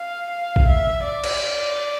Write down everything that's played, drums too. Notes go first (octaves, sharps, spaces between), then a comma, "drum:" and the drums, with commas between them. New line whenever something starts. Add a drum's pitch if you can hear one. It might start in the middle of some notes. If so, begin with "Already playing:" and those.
Already playing: F5
F5
drum: kick
E5
D5
drum: cymbal